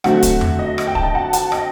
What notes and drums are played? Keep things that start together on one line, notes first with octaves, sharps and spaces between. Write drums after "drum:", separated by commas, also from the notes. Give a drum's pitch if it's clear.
D3 F#3 A3 C4 F#4 F#5, drum: rim click
drum: kick, hi-hat
drum: tom E2
D#5
drum: rim click
G5
A5, drum: kick
D#5 G5
F#5 A5
F#5 A5, drum: hi-hat
D#5 G5, drum: rim click